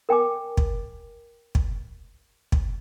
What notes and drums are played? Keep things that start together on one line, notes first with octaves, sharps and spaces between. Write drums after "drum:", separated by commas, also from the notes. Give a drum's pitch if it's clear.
A#4 G5 G#5 D6
drum: kick
drum: kick
drum: kick